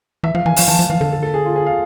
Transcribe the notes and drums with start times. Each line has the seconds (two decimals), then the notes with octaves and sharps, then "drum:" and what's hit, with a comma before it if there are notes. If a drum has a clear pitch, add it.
0.23 E3 E5
0.35 F3 F5
0.46 E3 G#5
0.56 F3 F5, drum: open hi-hat
0.68 E3 A5
0.79 F3
0.90 E3 F5
1.00 D3 A4
1.12 A4
1.23 A4
1.34 G#4
1.45 F4
1.56 G#4
1.66 F5